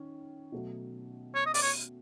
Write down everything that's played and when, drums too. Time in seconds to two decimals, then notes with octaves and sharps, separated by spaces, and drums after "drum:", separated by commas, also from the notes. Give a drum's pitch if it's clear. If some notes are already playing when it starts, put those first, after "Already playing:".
Already playing: D#3 C#4
0.52 B2 F#3 A3
1.35 C#5
1.46 D#5
1.54 D5, drum: open hi-hat
1.63 C#5